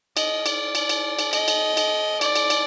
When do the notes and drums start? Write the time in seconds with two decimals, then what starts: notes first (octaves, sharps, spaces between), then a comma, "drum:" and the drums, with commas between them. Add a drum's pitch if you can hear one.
0.17 D#5, drum: cymbal
0.46 D5, drum: cymbal
0.75 drum: cymbal
0.89 drum: cymbal
1.19 drum: cymbal
1.33 D#5, drum: cymbal
1.48 drum: cymbal
1.77 drum: cymbal
2.21 D5, drum: cymbal
2.36 drum: cymbal
2.50 drum: cymbal